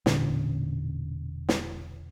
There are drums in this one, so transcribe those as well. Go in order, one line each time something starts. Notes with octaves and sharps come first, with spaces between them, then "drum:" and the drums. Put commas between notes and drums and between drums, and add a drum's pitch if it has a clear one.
E1 A#2 D3 C#4, drum: snare
drum: snare